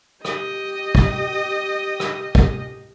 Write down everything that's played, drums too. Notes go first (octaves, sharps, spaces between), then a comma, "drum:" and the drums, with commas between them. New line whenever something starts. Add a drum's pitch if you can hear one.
G4 D#5, drum: rim click
drum: kick
drum: rim click
drum: kick